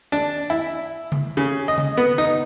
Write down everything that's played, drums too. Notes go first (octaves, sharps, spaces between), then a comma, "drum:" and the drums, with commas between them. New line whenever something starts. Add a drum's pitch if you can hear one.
D4
E4
drum: tom C#3
C#3
D#5
drum: tom C#3
B3
D#4